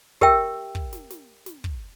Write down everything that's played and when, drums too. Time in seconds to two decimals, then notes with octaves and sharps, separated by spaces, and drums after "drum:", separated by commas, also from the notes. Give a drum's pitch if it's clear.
0.21 G4 A#4 E5 G5 E6, drum: kick
0.75 drum: kick
0.93 drum: snare
1.10 drum: snare
1.46 drum: snare
1.64 drum: kick